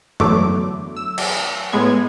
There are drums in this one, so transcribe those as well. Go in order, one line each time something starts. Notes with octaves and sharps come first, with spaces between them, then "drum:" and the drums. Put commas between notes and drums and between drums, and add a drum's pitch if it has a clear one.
E2 D3 F#3 A3 D6, drum: tom F#2
E6
drum: cymbal
A2 G#3 B3 G#6